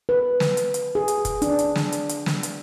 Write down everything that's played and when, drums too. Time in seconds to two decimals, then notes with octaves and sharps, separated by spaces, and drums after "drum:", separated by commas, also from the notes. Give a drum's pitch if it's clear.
0.09 B4
0.40 drum: snare
0.57 drum: hi-hat
0.74 drum: hi-hat
0.95 G#4
1.08 drum: hi-hat
1.25 drum: kick, hi-hat
1.42 D4, drum: hi-hat
1.59 drum: hi-hat
1.76 drum: snare
1.92 drum: hi-hat
2.09 drum: hi-hat
2.26 drum: snare
2.43 drum: hi-hat